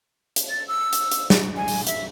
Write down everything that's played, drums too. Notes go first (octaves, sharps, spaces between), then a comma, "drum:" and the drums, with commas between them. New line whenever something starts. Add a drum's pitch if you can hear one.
drum: hi-hat
A6
E6
drum: hi-hat
drum: hi-hat
drum: snare
G#5
drum: open hi-hat
E5, drum: hi-hat